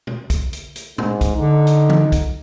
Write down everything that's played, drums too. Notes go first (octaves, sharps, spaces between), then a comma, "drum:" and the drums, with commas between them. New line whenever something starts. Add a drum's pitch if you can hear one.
drum: tom B2
drum: kick B1, hi-hat
drum: hi-hat
drum: hi-hat
G#2, drum: tom
drum: kick B1, hi-hat
D3 D#4
drum: hi-hat
drum: tom E3
drum: kick B1, hi-hat